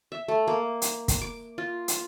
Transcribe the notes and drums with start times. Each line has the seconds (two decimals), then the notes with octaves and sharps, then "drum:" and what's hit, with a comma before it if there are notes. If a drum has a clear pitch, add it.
0.12 E5
0.28 A3
0.47 A#3
0.82 drum: hi-hat
1.08 drum: kick, hi-hat
1.21 D6
1.58 F4
1.88 drum: hi-hat